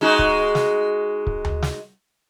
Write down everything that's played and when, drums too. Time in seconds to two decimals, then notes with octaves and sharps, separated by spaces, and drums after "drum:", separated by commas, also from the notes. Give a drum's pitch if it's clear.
0.01 G#3 D#4 F#4
0.19 drum: kick C#1
0.55 drum: snare
1.27 drum: kick C#1
1.45 drum: tom D2
1.62 drum: snare